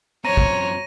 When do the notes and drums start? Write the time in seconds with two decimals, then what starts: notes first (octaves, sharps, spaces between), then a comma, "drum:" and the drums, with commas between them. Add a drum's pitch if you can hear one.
0.25 F#2 C4 C#5 A#5 A#6 D#7
0.37 drum: kick